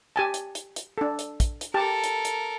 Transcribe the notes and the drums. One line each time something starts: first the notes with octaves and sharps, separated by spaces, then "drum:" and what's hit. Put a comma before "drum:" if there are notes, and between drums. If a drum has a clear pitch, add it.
G4 G#5 A5
drum: hi-hat
drum: hi-hat
drum: hi-hat
D4 A4
drum: hi-hat
drum: kick, hi-hat
drum: hi-hat
G4 A4 A#4 A5
drum: hi-hat
drum: hi-hat